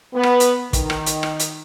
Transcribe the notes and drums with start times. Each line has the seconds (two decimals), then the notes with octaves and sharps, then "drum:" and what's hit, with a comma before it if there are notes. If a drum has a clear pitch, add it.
0.14 B3
0.23 drum: rim click
0.40 drum: hi-hat
0.73 D#3, drum: kick, hi-hat
0.90 drum: rim click
1.06 drum: hi-hat
1.23 drum: rim click
1.39 drum: hi-hat